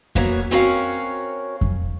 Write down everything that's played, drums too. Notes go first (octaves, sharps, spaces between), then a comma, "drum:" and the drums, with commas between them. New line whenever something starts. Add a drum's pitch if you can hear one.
E3 A#3 B3 F#4 A#4 C#5, drum: kick F2
C4 C#4 F#4 A#4 C#5 F5
drum: kick F2